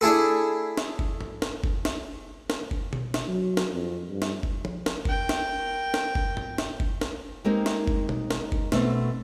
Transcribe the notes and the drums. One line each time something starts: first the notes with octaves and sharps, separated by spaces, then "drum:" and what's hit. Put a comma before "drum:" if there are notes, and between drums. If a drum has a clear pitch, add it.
D4 E4 G#4 A4
drum: snare
drum: kick F#1
drum: tom G#2
drum: snare
drum: kick F#1
drum: snare
drum: snare
drum: kick F#1
drum: tom B2
drum: snare
F#3
drum: snare
F2
G2
drum: snare
drum: kick F#1
drum: tom
drum: snare
A#4 G5, drum: kick F#1
drum: snare
drum: snare
drum: kick F#1
drum: tom G#2
drum: snare
drum: kick F#1
drum: snare
G#3 A#3 C4 D#4 G4 A#4
drum: snare
drum: kick F#1
drum: tom B2
drum: snare
drum: kick F#1
B2 A3 C4, drum: snare